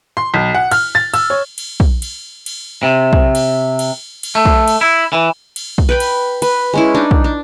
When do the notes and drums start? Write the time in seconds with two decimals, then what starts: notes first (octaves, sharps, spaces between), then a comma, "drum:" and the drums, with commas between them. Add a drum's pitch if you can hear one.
0.17 C6
0.34 B1
0.55 F#5
0.71 F6, drum: cymbal
0.95 A6
1.14 E6, drum: cymbal
1.30 C#5
1.58 drum: cymbal
1.80 drum: kick
2.02 drum: cymbal
2.46 drum: cymbal
2.83 C3
3.13 drum: kick
3.35 drum: cymbal
3.79 drum: cymbal
4.23 drum: cymbal
4.35 A3
4.45 drum: kick
4.68 drum: cymbal
4.81 E4
5.13 E3
5.56 drum: cymbal
5.78 drum: kick
5.89 B4 G5 B5
6.00 drum: cymbal
6.42 B4, drum: cymbal
6.74 G#3 C#4 E4
6.95 D4 D#4
7.11 drum: kick
7.24 D4